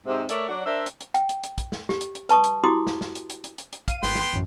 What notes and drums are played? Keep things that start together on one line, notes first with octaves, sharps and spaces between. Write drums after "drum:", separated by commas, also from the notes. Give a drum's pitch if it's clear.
G#2 C3
A3 A4 A#4 C#5 D5 E5, drum: hi-hat
F#3 D4 F#4
D4 A#4 C5 D5 E5
drum: hi-hat
drum: hi-hat
G5, drum: hi-hat
drum: hi-hat
drum: hi-hat
drum: kick, hi-hat
drum: snare
G4, drum: snare
drum: hi-hat
drum: hi-hat
B4 A5 C#6 D#6, drum: hi-hat
drum: hi-hat
E4 F#4 G4 C6 D6 D#6
drum: snare
drum: snare
drum: hi-hat
drum: hi-hat
drum: hi-hat
drum: hi-hat
drum: hi-hat
F5 D#7, drum: kick, hi-hat
G#1 B3 G5 C6, drum: snare
drum: snare
A1 F#2